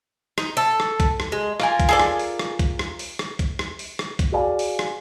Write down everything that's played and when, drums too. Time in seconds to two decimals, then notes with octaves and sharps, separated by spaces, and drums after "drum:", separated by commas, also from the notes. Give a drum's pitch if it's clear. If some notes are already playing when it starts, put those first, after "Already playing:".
0.38 D#4, drum: rim click
0.57 A4
0.80 drum: rim click
1.00 drum: kick B1, hi-hat
1.20 drum: rim click
1.32 G#3
1.60 F4 A#4 G#5, drum: rim click
1.80 drum: kick B1, hi-hat
1.89 G#4 A4 D5
2.00 drum: rim click
2.19 drum: open hi-hat
2.39 drum: rim click
2.59 drum: kick B1, hi-hat
2.79 drum: rim click
2.99 drum: open hi-hat
3.19 drum: rim click
3.39 drum: kick B1, hi-hat
3.59 drum: rim click
3.79 drum: open hi-hat
3.99 drum: rim click
4.19 drum: kick B1, hi-hat
4.32 F#4 G#4 D5 F5 G#5
4.59 drum: open hi-hat
4.79 drum: rim click